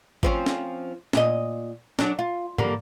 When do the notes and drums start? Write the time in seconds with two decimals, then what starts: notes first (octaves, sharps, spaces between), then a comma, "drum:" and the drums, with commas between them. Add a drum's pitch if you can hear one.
0.23 F3 C4 C#4, drum: kick G#1
0.46 drum: snare
1.13 A#2 D#5, drum: snare
1.99 F#3 D4, drum: snare
2.19 F4
2.58 D3 G3 A#3, drum: tom